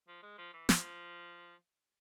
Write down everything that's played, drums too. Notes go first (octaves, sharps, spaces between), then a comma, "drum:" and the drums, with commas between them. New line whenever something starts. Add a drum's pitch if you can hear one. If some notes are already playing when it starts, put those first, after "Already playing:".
F3
G#3
F3
E3
F3, drum: snare